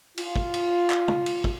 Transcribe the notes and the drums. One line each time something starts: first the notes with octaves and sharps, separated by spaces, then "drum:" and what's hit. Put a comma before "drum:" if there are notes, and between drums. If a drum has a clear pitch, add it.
F4, drum: cymbal
drum: kick
drum: cymbal
drum: clap
drum: tom
drum: cymbal
drum: kick